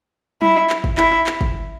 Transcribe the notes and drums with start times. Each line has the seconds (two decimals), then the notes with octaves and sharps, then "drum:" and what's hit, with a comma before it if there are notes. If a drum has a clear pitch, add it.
0.42 E4, drum: tom F#3
0.70 drum: clap
0.84 drum: kick
0.98 E4, drum: clap
1.27 drum: clap
1.41 drum: kick